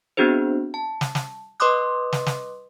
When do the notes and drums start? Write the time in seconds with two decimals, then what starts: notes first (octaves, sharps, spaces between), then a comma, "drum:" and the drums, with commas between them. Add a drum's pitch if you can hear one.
0.17 B3 C4 D4 F#4 G#4 C5
0.74 A5
1.01 drum: snare
1.15 drum: snare
1.60 B4 D#5 C6 D6 D#6 F#6
2.13 drum: snare
2.26 drum: snare